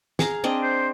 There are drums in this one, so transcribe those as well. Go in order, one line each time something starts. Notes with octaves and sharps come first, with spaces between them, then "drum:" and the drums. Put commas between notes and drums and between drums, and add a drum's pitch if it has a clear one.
G#4 F5 A#5, drum: snare
C4 D4 D#5
C5